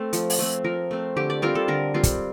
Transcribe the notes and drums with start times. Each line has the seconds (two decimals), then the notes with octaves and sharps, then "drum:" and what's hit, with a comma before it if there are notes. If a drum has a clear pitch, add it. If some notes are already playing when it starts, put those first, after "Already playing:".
Already playing: A3 C4
0.13 F3, drum: hi-hat
0.30 drum: open hi-hat
0.39 A3 C4
0.64 F3 A#4
0.91 A3 C4
1.17 D3 G4
1.30 D5
1.42 G3 C4 F4 A#4
1.55 A4
1.68 D3 A#4
1.94 G3 C4 F4
2.03 drum: kick, hi-hat